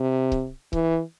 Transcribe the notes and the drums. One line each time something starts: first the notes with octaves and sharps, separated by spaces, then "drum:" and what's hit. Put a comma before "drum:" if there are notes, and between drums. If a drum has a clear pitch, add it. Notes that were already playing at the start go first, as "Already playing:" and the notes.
Already playing: C3
drum: kick C#1
E3, drum: kick C#1